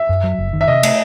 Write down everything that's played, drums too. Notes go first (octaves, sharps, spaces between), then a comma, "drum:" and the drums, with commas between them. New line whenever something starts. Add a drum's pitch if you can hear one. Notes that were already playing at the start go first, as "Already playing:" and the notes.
Already playing: E5
F#2
F#3
F#1
D#3
E5
C3 D#5
A3, drum: cymbal